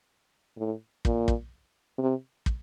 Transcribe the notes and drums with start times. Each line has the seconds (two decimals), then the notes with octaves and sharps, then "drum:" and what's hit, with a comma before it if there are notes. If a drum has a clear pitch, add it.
0.57 A2
1.05 A#2, drum: kick
1.28 drum: kick
1.98 C3
2.46 drum: kick